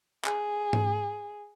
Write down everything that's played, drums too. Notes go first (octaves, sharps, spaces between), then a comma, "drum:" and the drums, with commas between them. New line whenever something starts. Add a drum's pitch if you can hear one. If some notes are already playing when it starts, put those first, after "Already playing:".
G#4, drum: clap
drum: tom G#2